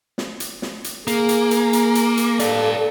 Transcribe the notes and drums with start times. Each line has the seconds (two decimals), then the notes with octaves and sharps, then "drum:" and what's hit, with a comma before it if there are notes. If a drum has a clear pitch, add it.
0.18 drum: snare
0.40 drum: hi-hat
0.62 drum: snare
0.84 drum: hi-hat
1.07 A#3 G#4, drum: hi-hat
1.29 drum: hi-hat
1.51 drum: hi-hat
1.73 drum: hi-hat
1.95 drum: hi-hat
2.17 drum: hi-hat
2.40 G2 A4 D5 F5, drum: hi-hat